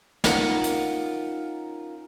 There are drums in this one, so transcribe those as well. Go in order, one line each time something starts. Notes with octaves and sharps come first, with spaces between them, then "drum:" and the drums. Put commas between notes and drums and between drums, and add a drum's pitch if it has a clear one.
C#4 D#4 F4 A#4 D#5 F#5, drum: snare
drum: hi-hat